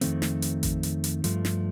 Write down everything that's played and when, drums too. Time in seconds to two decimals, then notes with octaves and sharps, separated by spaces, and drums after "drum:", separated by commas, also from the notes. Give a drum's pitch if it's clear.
0.01 F2 D#3 A3 C4, drum: hi-hat
0.22 drum: snare
0.42 drum: hi-hat
0.63 drum: kick A1, hi-hat
0.83 drum: hi-hat
1.04 drum: hi-hat
1.24 G2 F3 A3, drum: hi-hat
1.45 drum: snare